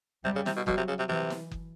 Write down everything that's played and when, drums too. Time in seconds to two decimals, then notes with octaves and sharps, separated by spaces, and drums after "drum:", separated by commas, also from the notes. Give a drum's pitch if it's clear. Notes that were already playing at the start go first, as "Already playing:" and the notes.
0.24 C3 G3
0.35 C#3
0.46 C3, drum: snare
0.56 B2
0.67 B2 F#3, drum: kick F#1
0.77 C3
0.88 C#3
0.99 C3
1.09 C3 E3
1.30 drum: snare
1.51 drum: kick F#1